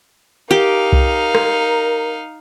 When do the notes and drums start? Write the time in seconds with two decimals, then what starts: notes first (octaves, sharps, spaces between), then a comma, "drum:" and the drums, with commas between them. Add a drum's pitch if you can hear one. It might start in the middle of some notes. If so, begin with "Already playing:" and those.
0.51 D#4 G4 A#4 F5
0.93 drum: kick C2
1.35 drum: rim click